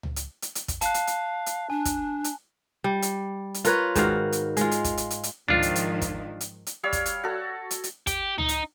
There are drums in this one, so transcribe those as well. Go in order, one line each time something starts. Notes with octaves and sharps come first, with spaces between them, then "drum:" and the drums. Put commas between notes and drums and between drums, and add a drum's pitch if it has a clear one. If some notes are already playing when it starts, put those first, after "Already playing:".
drum: tom C#2
drum: hi-hat
drum: hi-hat
drum: hi-hat
drum: kick, hi-hat
F5 A5 F#6, drum: hi-hat
drum: hi-hat
drum: hi-hat
drum: hi-hat
D4 G#5
drum: kick, hi-hat
drum: hi-hat
G3
drum: hi-hat
drum: hi-hat
F4 A#4 B4 C#5, drum: hi-hat
G#2 D#3 F#4 F5, drum: kick, hi-hat
drum: hi-hat
G#3 F4, drum: hi-hat
drum: hi-hat
drum: kick, hi-hat
drum: hi-hat
drum: hi-hat
drum: hi-hat
G#2 D#3 F3 D4 F4, drum: tom C#2
drum: hi-hat
drum: hi-hat
drum: kick, hi-hat
drum: hi-hat
drum: hi-hat
G3 C#5 F5 E6
drum: kick, hi-hat
drum: hi-hat
F#4 A4
drum: hi-hat
drum: hi-hat
G4, drum: kick, hi-hat
D#4, drum: tom C#2
drum: hi-hat